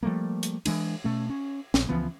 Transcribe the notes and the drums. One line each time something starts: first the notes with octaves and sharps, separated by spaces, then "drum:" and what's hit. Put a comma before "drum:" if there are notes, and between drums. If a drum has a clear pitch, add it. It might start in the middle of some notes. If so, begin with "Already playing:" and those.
F3 G3 A3 A#3
drum: hi-hat
E3 G#3 D4, drum: cymbal
B2 A3 C#4
C#4
A#1, drum: snare
C#2 E3 F3 B3